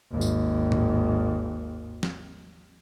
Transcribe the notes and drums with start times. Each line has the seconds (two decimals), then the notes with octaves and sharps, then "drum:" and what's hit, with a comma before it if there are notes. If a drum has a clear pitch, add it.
0.11 G#1 D#2
0.21 drum: tambourine
0.72 drum: tom A2
2.03 drum: snare